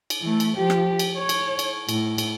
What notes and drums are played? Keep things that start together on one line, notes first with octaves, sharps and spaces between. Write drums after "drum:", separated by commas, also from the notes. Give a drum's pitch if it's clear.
drum: cymbal
E3 A3
drum: cymbal
F3 G4
drum: rim click
drum: cymbal
C#5
drum: cymbal
drum: cymbal
A2, drum: cymbal
drum: cymbal